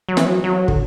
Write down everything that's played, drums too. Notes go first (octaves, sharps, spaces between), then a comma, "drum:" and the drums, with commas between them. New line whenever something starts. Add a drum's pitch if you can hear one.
F#3
E3, drum: snare
F#3
F#3
D3, drum: kick